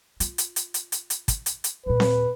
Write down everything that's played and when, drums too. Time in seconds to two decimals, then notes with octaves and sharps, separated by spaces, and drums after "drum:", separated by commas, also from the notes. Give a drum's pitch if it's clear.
0.20 F4, drum: hi-hat
0.38 drum: hi-hat
0.56 drum: hi-hat
0.74 drum: hi-hat
0.92 drum: hi-hat
1.10 drum: hi-hat
1.28 drum: kick, hi-hat
1.46 drum: hi-hat
1.64 drum: hi-hat
1.86 D#2 A#2 B4
2.00 drum: snare C4